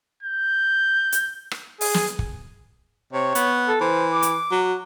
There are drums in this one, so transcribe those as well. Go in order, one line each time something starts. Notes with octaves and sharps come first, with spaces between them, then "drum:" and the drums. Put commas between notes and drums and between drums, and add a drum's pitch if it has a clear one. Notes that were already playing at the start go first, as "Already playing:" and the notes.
G6
drum: hi-hat
drum: rim click
G#4, drum: open hi-hat
drum: snare
drum: kick
C3 C#5
B3, drum: hi-hat
A4
E3 C5
D6
drum: hi-hat
F#3